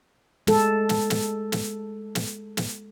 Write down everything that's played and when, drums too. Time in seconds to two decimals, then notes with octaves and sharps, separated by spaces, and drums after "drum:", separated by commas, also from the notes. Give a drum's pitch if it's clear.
0.47 G#3 A4, drum: snare
0.89 drum: snare
1.10 drum: snare
1.52 drum: snare
2.15 drum: snare
2.57 drum: snare